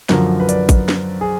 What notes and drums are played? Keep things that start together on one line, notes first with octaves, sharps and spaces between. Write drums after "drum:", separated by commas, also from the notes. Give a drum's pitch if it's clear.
F#2 D3 F3 A#4, drum: snare
B4
D5, drum: hi-hat
B4
drum: kick A1, hi-hat
drum: snare
G#4